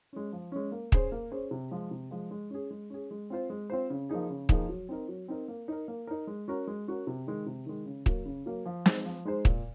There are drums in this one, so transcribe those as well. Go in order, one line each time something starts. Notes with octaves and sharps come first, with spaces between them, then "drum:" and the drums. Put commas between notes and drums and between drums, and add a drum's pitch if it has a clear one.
G#3 C#4
F3
G#3 C#4
A#3
C#4 G#4 C5, drum: kick
A#3
C#4 G#4 C5
C3
F3 G#3
C3
F3 G#3
G#3
C#4 G#4
G#3
C#4 G#4
G#3
C4 F4 C5
G#3
C4 F4 C5
C#3
F3 A#3 D#4 G#4
C#3
F3 A#3 D#4 G#4, drum: kick
F#3
C4 D#4 A#4
F#3
C4 D#4 A#4
A#3
D#4 A#4
A#3
D#4 A#4
G#3
C#4 F#4 A#4
G#3
C#4 F#4 A#4
C3
D#3 G#3
C3
D#3 G#3
C#3
F#3 A#3, drum: kick
C#3
F#3 A#3
F3
G#3 D#4 G#4 C5, drum: snare
F3
G#3 D#4 G#4 C5
A#2, drum: kick